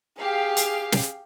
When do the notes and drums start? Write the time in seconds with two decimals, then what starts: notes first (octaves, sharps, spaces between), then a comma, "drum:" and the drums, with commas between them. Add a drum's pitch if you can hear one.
0.21 G4 G#4 F5
0.57 drum: hi-hat
0.92 drum: snare